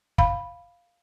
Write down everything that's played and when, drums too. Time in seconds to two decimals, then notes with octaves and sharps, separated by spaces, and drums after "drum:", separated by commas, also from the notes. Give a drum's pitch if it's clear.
0.18 F5 B5, drum: kick